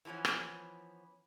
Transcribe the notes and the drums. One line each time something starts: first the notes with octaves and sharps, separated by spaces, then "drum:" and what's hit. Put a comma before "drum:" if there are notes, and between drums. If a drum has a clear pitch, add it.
E3 F3 G3 B3 C#4
drum: rim click